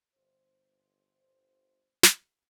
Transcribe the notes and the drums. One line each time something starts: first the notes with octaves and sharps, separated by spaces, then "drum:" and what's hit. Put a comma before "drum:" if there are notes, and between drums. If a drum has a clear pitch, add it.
G1 C5
drum: snare